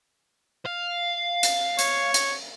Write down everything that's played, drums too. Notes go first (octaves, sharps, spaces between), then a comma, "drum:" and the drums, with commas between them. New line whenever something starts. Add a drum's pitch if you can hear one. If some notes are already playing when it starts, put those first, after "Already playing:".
F5
drum: hi-hat
C#5, drum: hi-hat
drum: hi-hat